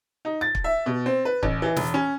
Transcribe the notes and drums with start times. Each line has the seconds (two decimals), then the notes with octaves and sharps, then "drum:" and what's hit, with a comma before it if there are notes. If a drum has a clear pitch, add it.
0.25 D#4
0.41 A6
0.55 drum: kick
0.64 E5
0.86 B2
1.06 C4
1.25 B4
1.43 A1, drum: kick
1.62 E3
1.76 E1, drum: snare
1.94 C#4